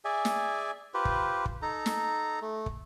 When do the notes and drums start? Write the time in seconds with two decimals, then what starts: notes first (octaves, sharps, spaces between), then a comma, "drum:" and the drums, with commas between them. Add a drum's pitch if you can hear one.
0.05 G#4 D5 E5 G#5
0.25 drum: snare
0.94 F4 G4 B4 C5
1.05 drum: kick
1.45 drum: kick
1.62 D#4 A4 A#5
1.86 drum: snare
2.42 A3
2.66 drum: kick